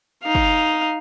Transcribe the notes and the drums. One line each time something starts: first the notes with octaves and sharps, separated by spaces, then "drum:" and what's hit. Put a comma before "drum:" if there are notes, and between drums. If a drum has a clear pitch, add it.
D#4 F5
drum: kick